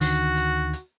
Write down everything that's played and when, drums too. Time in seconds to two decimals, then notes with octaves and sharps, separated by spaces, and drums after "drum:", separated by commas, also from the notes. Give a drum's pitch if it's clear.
0.01 D2 D3 D#3 F#4, drum: open hi-hat
0.37 drum: hi-hat
0.73 drum: hi-hat